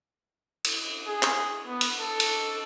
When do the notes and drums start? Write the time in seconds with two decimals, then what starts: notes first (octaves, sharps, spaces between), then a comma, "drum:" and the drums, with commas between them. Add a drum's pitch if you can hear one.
0.64 drum: cymbal
1.07 G#4
1.23 drum: clap
1.67 B3
1.81 drum: cymbal
2.00 A4
2.20 drum: cymbal